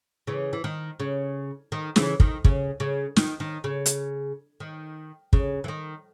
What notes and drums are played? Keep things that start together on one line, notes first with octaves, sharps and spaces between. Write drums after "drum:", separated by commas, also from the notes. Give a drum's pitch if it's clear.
C#3 E3
E3
D#3
C#3
D#3
C#3 E3, drum: snare
D#3, drum: kick
C#3, drum: kick
C#3
D#3, drum: snare
D#3
C#3
drum: hi-hat
D#3
C#3, drum: kick
E3
D#3